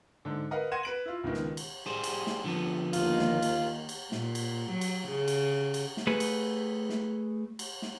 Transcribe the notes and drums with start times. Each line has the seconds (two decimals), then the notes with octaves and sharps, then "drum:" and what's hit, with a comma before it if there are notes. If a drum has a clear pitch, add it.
0.25 G#2 D3
0.51 A#4 B4 D#5 F5 F#5
0.72 F#5 C6 G#6 A#6 D#7 E7
0.83 B4 D7 F#7
1.05 E4 F4
1.23 C#2 B2 D#3
1.34 drum: snare
1.57 drum: cymbal
1.86 G3 G#4 C5
2.04 drum: cymbal
2.27 drum: snare
2.44 D3 F3 B3
2.93 D#2 D#3 F4, drum: cymbal
3.19 drum: snare
3.42 drum: cymbal
3.89 drum: cymbal
4.12 A#2, drum: snare
4.35 drum: cymbal
4.71 F#3
4.81 drum: cymbal
5.09 C#3
5.28 drum: cymbal
5.74 drum: cymbal
5.97 drum: snare
6.07 A3 G#4 B4
6.20 drum: cymbal
6.90 drum: snare
7.59 drum: cymbal
7.82 drum: snare